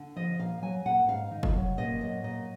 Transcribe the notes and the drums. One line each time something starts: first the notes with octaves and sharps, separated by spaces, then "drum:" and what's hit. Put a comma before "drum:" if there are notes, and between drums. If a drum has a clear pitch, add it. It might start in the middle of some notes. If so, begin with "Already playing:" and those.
Already playing: D3
F3 D#5
A#2 F5
F#3 G#5
A#2 F#5
G#2 F5
D#3
drum: kick
F#3
A#2 D#5
F#3 D#5
A#2 D#5